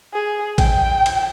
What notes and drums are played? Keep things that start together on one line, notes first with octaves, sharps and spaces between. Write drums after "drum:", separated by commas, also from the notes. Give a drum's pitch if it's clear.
G#4
G5, drum: kick A1, cymbal
drum: cymbal